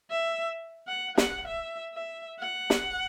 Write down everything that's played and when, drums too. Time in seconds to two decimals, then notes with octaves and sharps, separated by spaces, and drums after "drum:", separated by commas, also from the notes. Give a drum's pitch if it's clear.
0.10 E5
0.88 F#5
1.18 F#5, drum: snare
1.47 E5
1.93 E5
2.40 F#5
2.70 drum: snare